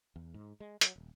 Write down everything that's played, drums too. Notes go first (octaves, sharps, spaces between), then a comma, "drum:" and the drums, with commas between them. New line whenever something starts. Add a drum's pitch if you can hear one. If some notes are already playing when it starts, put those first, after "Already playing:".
E2
G#2
G#3
F#3, drum: hi-hat
D#1